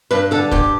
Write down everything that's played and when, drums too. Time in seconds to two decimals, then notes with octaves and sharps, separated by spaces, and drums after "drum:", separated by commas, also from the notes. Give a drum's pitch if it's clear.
0.11 G2 B4
0.31 D3 A4
0.51 G2 G4, drum: kick